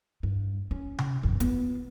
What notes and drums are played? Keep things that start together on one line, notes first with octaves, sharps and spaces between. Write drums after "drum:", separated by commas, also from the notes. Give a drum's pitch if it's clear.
G2
C#4
drum: tom C3
G1 F2
B3 F4, drum: hi-hat